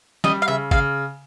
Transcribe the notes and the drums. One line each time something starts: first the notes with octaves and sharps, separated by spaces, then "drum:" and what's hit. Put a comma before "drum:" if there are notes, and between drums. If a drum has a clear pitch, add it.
G3 D#5, drum: snare
F5
C#3 E5
C#3 F5, drum: kick